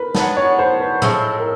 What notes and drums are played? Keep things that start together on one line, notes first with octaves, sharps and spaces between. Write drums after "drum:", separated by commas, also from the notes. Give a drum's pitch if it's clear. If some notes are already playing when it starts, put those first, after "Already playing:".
Already playing: A#4 B4
F#3 B3 D4, drum: snare
C#5
C5
B4
A2 F3 G#3 C4, drum: tom A#2
A#4